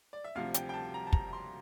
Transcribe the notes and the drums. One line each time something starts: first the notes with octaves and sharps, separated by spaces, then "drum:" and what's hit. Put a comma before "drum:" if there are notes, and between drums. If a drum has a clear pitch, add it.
D5
E5
D2 C3 F3 F5
G5, drum: hi-hat
G5
A5
A#5
A5
A#5, drum: kick
C6